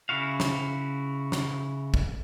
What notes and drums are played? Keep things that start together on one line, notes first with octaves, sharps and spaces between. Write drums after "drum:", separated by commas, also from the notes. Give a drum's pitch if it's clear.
C#3 E4 F#4 F5
drum: snare
drum: snare
drum: kick